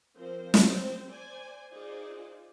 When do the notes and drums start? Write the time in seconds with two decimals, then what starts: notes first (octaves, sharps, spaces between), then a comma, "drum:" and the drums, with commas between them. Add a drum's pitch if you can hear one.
0.16 F3 C4 A#4 C5
0.54 drum: snare
0.64 C4 C5
1.08 C5 D5 G#5
1.71 D#4 F4 G#4 C5 D5